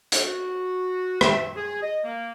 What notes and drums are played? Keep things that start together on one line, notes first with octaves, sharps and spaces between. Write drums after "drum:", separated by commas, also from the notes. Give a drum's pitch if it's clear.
drum: hi-hat
F#4
E5, drum: rim click
G#4
D#5
A#3